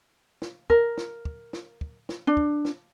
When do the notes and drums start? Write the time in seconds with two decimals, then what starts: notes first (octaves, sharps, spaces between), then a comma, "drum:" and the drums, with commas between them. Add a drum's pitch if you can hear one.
0.42 drum: snare
0.70 A#4, drum: kick
0.98 drum: snare
1.25 drum: kick
1.53 drum: snare
1.81 drum: kick
2.09 drum: snare
2.27 D4
2.37 drum: kick
2.65 drum: snare